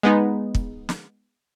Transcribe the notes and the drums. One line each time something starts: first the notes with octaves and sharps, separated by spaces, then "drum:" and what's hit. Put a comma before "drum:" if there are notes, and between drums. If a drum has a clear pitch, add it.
G#3 B3 D#4
drum: kick
drum: snare